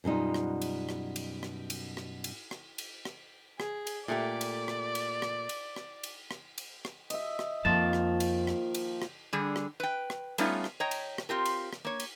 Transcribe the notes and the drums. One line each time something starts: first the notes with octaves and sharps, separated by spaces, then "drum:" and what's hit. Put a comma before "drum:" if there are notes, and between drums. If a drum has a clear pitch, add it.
F#2 B2 G3 D#4 F4
drum: rim click
drum: cymbal
drum: rim click
drum: cymbal
drum: rim click
drum: cymbal
drum: rim click
drum: cymbal
drum: rim click
drum: cymbal
drum: rim click
G#4, drum: rim click
drum: cymbal
A#2 A3 G4 D5
drum: cymbal
drum: rim click
drum: cymbal
drum: rim click
drum: cymbal
drum: rim click
drum: cymbal
drum: rim click
drum: cymbal
drum: rim click
D#5 E5, drum: cymbal
drum: rim click
F2 D#3 F3 A#3 A5
drum: rim click
drum: cymbal
drum: rim click
drum: cymbal
drum: rim click
D3 G3 G#4
drum: rim click
B4 G5
drum: rim click
G3 A3 B3 C#4 D#4 F4, drum: cymbal
drum: rim click
C#5 D#5 G5 A#5
drum: cymbal
drum: rim click
C4 F4 G4 A#4
drum: cymbal
drum: rim click
A#3 C#5
drum: cymbal